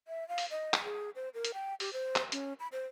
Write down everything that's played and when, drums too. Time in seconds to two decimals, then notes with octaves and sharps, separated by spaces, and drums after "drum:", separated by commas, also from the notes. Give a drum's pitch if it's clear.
0.08 E5
0.29 F5
0.38 drum: open hi-hat
0.51 D#5
0.73 drum: clap
0.84 G#4
1.15 C5
1.34 A#4
1.45 drum: hi-hat
1.54 G5
1.80 G4, drum: open hi-hat
1.93 C5
2.16 drum: clap
2.32 C#4, drum: hi-hat
2.60 B5
2.72 C5